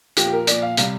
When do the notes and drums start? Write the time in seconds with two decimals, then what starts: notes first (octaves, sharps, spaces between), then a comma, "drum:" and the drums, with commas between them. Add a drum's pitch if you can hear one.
0.17 A#2 F3 G4, drum: hi-hat
0.27 G4
0.32 A#4
0.47 A#2 F3 D5, drum: hi-hat
0.62 F5
0.77 C3 G3 F5, drum: hi-hat